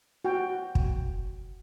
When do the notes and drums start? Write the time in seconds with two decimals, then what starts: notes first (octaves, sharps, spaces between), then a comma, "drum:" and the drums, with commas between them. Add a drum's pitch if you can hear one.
0.25 F#4 G5
0.75 drum: kick